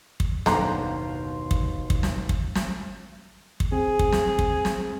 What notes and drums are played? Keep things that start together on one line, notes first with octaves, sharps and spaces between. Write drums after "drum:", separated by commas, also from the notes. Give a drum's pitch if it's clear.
drum: kick
F#1 D#2 B2 D3 C5 F5 A#5, drum: snare
drum: kick
drum: kick
drum: snare
drum: kick
drum: snare
drum: kick
C4 G#4
drum: kick
drum: snare
drum: kick
drum: snare